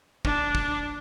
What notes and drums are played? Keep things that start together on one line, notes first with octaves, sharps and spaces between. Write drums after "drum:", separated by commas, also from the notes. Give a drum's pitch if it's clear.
D4, drum: kick
drum: kick